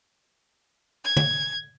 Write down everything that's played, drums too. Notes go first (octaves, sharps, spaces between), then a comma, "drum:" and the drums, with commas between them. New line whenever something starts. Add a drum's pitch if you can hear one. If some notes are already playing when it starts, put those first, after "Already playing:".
G#6
drum: tom